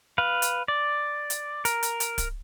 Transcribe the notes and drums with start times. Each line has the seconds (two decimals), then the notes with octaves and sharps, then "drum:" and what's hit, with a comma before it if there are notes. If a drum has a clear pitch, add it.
0.18 B4 F5
0.42 drum: hi-hat
0.68 D5
1.30 drum: hi-hat
1.65 A#4, drum: hi-hat
1.83 drum: hi-hat
2.00 drum: hi-hat
2.18 drum: kick D1, hi-hat